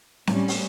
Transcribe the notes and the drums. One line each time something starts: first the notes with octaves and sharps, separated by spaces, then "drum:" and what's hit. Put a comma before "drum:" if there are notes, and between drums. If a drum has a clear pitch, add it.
A2 G3 C#4, drum: snare C4
drum: open hi-hat